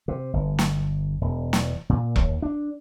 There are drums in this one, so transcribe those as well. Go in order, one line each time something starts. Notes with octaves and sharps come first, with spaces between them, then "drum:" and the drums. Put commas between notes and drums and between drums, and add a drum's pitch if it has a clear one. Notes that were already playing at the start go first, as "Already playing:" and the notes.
C3
G1
drum: snare
E1
drum: snare
A#2
D#2, drum: kick E1
D4